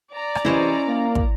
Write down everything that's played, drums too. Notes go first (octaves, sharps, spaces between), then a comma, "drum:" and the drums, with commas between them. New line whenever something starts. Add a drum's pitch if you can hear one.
D5 A#5
drum: rim click
G#2 C3 E3 C#4 E4 C5 C#5 D#5
A#3
drum: kick